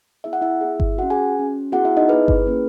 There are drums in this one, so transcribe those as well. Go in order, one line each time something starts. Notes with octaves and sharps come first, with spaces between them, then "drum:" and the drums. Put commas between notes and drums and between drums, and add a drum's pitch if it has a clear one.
B3 E4 G#4 E5
F#5
E4 E5
B3 E4 G#4
drum: kick G1
C#4 F#4 F#5
G#4 G#5
C#4 F#4
B3 E4 F#4 G#4 F#5
E4 E5
D#4 D#5
B3 E4 G#4 B4
drum: kick G1
A#3 C#4 E4 G#4